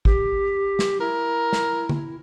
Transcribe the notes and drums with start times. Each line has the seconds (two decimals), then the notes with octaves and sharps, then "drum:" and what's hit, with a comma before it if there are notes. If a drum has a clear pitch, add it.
0.05 G4, drum: kick
0.79 drum: snare
1.00 E4 A#4
1.53 drum: snare
1.89 drum: tom D3